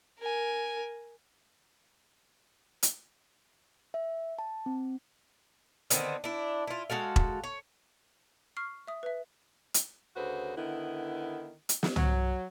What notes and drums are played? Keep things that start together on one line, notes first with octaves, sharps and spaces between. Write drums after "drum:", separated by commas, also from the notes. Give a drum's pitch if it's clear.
A#4 G#5
drum: hi-hat
E5
A5
C4
D3 D#3 B3 C4, drum: hi-hat
D4 E4
E4 F4
G#3 F#4 A4 F5
drum: kick E1
C#5
C#6 F6 C7
E5 D#6
B4 E5
drum: hi-hat
D2 C#3 F#4 B4 C5
D3 D#3 B3 E4
drum: hi-hat
drum: snare
F#3, drum: tom